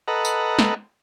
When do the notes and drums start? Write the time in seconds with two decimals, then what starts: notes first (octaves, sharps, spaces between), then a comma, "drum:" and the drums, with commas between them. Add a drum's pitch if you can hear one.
0.08 A4 B4 D#5 F#5 A#5
0.25 drum: tambourine
0.59 drum: snare